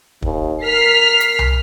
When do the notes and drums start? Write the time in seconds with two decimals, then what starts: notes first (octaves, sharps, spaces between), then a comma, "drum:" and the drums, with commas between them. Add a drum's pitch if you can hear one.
0.22 D#2, drum: kick
0.63 A#4 F6 B6 C7
1.21 drum: hi-hat
1.39 drum: tom C2